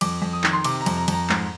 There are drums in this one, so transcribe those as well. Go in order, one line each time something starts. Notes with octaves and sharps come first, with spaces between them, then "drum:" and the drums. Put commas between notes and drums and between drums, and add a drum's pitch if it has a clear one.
F2 D6, drum: cymbal
F2
D#6
D#3, drum: clap
C6
C3 D6, drum: cymbal
A#5
F2, drum: cymbal
A#5
F2 A#5, drum: cymbal
G#2, drum: clap